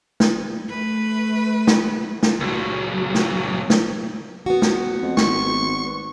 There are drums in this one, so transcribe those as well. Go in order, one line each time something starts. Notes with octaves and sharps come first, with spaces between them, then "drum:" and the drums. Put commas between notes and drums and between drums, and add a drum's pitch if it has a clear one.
drum: snare
A3 B4
drum: snare
drum: snare
C#2 F#3
drum: snare
drum: snare
B3 F#4
drum: snare
F2
G#1 C#6, drum: snare